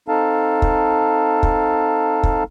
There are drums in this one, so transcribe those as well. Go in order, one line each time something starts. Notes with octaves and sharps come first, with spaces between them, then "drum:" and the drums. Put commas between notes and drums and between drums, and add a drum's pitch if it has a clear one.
C4 D#4 A4 F5 A5
drum: kick
drum: kick
drum: kick